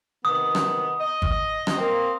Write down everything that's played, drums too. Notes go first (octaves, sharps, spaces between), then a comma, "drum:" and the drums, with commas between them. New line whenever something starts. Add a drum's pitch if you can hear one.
C3 D#3 B3 D#6
drum: rim click
D#5
drum: kick G#1
drum: rim click
A#3 C4